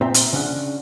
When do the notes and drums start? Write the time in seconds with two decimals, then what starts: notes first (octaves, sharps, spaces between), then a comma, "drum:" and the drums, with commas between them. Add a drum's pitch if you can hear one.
0.01 A#2 C4 D#4 F4 E5 A#5
0.14 drum: hi-hat
0.33 C#3 C#4 D4 F#5